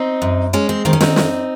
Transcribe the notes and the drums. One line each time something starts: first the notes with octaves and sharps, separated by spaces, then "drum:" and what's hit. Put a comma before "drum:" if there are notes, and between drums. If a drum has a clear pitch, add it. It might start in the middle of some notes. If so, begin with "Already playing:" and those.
Already playing: C4 D#4
F#2
G#3 C#4
C4
D#3 C4
C#4
C4 D#4, drum: snare
F#2, drum: snare